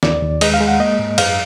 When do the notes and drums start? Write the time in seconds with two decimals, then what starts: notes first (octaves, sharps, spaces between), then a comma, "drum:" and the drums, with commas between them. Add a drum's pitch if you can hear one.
0.03 D#2 D5, drum: snare
0.22 D#2
0.41 G#3 D#5, drum: cymbal
0.54 F5
0.61 G#3
0.68 F#5
0.80 A#3 D#5
0.99 G#2
1.18 F#2 F5, drum: cymbal